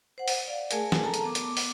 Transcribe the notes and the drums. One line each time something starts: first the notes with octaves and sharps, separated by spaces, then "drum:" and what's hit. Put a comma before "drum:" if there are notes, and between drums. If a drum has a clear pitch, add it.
C5 F#5
drum: open hi-hat
D5 F5
A3 G#4 A#4 G#5, drum: hi-hat
drum: snare
A4 A5 A#5
drum: hi-hat
B3 D6
drum: hi-hat
drum: open hi-hat